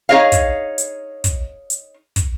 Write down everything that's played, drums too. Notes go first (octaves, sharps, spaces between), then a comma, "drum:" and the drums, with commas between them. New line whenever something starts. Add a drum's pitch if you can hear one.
D#4 G#4 C#5 D#5 F5
drum: kick, hi-hat
drum: hi-hat
drum: kick, hi-hat
drum: hi-hat
drum: kick, hi-hat